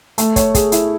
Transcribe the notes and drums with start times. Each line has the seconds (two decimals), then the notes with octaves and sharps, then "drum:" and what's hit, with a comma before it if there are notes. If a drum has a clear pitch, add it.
0.18 A3, drum: hi-hat
0.36 C#5, drum: kick, hi-hat
0.55 G#4, drum: kick, hi-hat
0.72 E4, drum: hi-hat